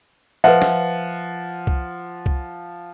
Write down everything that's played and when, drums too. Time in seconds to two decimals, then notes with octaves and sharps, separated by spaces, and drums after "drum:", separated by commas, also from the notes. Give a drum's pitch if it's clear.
0.44 F3 B4 E5 F#5
0.62 drum: snare
1.67 drum: kick C2
2.26 drum: kick C2